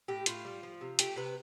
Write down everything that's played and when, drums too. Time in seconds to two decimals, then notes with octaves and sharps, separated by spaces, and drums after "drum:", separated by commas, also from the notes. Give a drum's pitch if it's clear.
0.08 A2 G4
0.26 A2 F4, drum: hi-hat
0.45 G3
0.63 F3
0.81 C3
0.99 A3 G4, drum: hi-hat
1.16 C3 B4